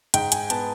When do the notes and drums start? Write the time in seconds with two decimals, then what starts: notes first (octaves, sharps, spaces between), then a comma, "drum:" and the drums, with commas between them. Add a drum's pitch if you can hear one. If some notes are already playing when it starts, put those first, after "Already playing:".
0.14 G#2 G5, drum: hi-hat
0.32 G#5, drum: hi-hat
0.50 B3 A5, drum: hi-hat